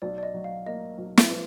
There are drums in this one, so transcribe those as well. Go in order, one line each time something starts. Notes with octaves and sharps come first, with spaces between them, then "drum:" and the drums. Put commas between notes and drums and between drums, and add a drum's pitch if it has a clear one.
B1 D5
D5
D#5
F#3
F5
A#3 D#5
B1
drum: snare
F3 B4